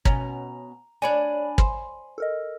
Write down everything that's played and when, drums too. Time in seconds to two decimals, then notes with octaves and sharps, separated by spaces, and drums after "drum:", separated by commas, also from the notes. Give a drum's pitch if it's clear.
0.05 B2 C#4 A#5, drum: kick
1.02 D4 C#5 D5 G#5 B5
1.58 C5, drum: kick
2.18 A4 A#4 D#5